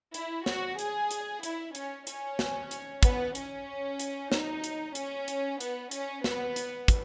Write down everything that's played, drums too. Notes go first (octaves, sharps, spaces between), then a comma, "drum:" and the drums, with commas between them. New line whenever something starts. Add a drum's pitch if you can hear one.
E4, drum: hi-hat
F#4, drum: snare
G#4, drum: hi-hat
drum: hi-hat
E4, drum: hi-hat
C#4, drum: hi-hat
C#4, drum: hi-hat
drum: snare
drum: hi-hat
B3, drum: kick, hi-hat
C#4, drum: hi-hat
drum: hi-hat
D#4, drum: snare
drum: hi-hat
C#4, drum: hi-hat
drum: hi-hat
B3, drum: hi-hat
C#4, drum: hi-hat
B3, drum: snare
drum: hi-hat
drum: kick, hi-hat